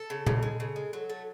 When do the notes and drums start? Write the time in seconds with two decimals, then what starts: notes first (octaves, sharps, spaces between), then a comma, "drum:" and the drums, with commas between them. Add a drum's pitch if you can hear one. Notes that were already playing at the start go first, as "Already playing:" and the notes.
Already playing: A4
0.10 C#3
0.27 C#3, drum: tom
0.43 G#3
0.60 C#3
0.76 G#3
0.93 F#3
1.10 A3